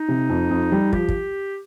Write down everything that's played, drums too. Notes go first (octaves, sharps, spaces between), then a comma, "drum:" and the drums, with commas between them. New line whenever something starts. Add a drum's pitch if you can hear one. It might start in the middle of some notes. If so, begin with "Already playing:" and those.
Already playing: D#4
C3
F2
F2
G3
F3 G4, drum: kick
drum: kick